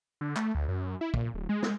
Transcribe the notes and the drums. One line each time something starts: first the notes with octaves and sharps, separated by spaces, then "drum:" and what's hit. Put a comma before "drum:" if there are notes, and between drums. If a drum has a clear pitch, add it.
D3
A3, drum: clap
D2
F#2
E4
A#2, drum: kick
D1
G#3
G#3, drum: snare